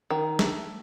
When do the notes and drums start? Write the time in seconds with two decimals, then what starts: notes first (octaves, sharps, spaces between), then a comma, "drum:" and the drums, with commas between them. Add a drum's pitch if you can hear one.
0.11 D#3
0.39 A3, drum: snare